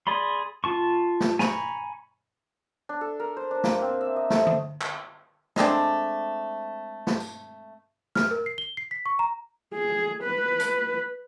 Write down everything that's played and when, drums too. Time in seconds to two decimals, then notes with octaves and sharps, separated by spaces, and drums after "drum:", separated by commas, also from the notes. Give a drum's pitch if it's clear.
0.07 G#4 D5 B5 C6
0.64 F4 A5 C#6
1.20 drum: snare
1.39 G#5 A#5 B5 C#6, drum: snare
2.89 D4
3.01 A4
3.20 A#4
3.37 C5
3.51 D4
3.64 A#3, drum: snare
3.82 C4
4.01 E5
4.16 D#5
4.30 A3, drum: snare
4.46 D#6, drum: tom D3
4.81 drum: clap
5.56 G#3 A3 C4 D4, drum: snare
7.07 drum: snare
7.20 drum: tambourine
8.15 F6, drum: snare
8.31 A#4
8.46 C7
8.58 G7
8.77 C7
8.91 B6
9.06 C#6
9.19 A#5
9.74 G#4
10.23 B4
10.59 drum: hi-hat